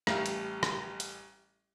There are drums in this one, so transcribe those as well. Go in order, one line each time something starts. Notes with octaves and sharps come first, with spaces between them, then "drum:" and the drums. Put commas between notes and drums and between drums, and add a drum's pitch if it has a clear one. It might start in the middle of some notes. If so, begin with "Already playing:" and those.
A1 G3 A3 G4 F5, drum: rim click
drum: hi-hat
drum: rim click
drum: hi-hat